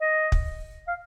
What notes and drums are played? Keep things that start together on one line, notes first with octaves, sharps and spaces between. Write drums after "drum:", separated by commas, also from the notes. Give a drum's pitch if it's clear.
D#5
drum: kick
F5